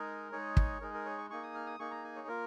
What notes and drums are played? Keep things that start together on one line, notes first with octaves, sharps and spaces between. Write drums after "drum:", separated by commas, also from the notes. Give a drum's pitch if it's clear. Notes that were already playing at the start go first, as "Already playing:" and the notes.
Already playing: G#3 D#4 G#4 A#4
G#3 D#4 G#4 C#5
drum: kick
G#3 D#4 G#4 A#4
A#4
C#5
C#6
A#3 D#4 G#4 C#6
D#6
F6
D#6
A#3 D#4 G#4 C#6
A#5
G#5
C#5
A#3 F4 A#4